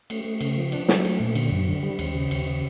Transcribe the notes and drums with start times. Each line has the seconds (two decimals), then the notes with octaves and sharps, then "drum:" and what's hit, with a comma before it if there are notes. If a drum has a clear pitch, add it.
0.10 A3, drum: cymbal
0.25 A3
0.41 C#3, drum: cymbal
0.57 F3
0.72 D4, drum: cymbal
0.88 F#3, drum: snare
1.05 A3, drum: cymbal
1.20 A#2
1.35 D3, drum: cymbal
1.52 F#2
1.68 D3
1.83 G3
1.99 D#2, drum: cymbal
2.15 C#3
2.31 D#2, drum: cymbal
2.46 C#3